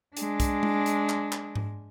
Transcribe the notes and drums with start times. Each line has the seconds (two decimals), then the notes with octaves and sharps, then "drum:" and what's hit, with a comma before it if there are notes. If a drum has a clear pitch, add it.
0.17 G#3 D4, drum: hi-hat
0.40 drum: kick B1, hi-hat
0.63 drum: tom G#3
0.86 drum: hi-hat
1.09 drum: clap
1.32 drum: clap
1.56 drum: tom G#2